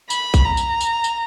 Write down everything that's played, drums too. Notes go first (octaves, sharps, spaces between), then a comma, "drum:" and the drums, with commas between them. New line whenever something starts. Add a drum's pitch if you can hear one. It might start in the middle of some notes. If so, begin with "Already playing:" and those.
B5, drum: tambourine
drum: kick A#1, tambourine
A#5
drum: tambourine
drum: tambourine
drum: tambourine